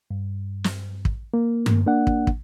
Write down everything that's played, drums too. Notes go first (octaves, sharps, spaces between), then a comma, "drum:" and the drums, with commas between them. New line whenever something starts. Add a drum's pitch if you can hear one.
G2
drum: snare
drum: kick
A#3
drum: tom G2
A#3 D4 F#5
drum: kick
drum: kick